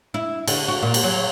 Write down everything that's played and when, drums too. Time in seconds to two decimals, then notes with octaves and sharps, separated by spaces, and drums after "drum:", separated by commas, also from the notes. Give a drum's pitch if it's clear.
0.14 E4
0.48 D3, drum: cymbal
0.68 F#4
0.83 A#2
0.94 drum: cymbal
1.04 F#3